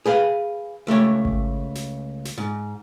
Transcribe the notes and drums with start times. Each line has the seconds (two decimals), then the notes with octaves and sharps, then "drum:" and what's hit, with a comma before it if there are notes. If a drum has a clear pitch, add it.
0.06 G#4 B4 F5
0.87 C#2 A3 G4 C#5
1.25 drum: kick G#1
1.75 drum: snare
2.25 drum: snare
2.38 G#2